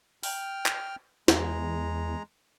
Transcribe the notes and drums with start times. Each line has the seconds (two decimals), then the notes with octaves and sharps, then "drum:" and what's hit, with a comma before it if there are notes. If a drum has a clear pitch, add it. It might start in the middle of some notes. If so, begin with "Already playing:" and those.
0.23 G5 F6, drum: open hi-hat
0.66 drum: clap
1.28 E2 G#3 A#5, drum: snare